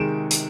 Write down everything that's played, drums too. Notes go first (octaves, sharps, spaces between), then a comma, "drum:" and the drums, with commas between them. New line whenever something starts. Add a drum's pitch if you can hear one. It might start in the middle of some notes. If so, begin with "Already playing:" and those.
Already playing: C3 D#3 G#3 D7 E7
drum: hi-hat